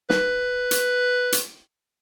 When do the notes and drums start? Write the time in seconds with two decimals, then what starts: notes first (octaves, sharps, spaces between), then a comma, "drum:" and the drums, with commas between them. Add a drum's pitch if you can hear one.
0.10 B4, drum: snare
0.71 drum: hi-hat
1.32 drum: hi-hat